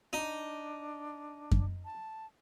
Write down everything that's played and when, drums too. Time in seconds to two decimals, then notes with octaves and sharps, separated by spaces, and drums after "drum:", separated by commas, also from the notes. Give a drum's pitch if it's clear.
0.13 D4 D#4
1.51 drum: kick F#2
1.85 A5